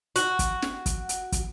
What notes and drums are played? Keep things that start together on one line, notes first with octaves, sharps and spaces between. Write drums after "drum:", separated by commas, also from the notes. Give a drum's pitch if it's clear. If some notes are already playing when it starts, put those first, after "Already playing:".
F#4, drum: hi-hat
drum: kick, hi-hat
drum: snare
drum: kick, hi-hat
drum: hi-hat
drum: kick, hi-hat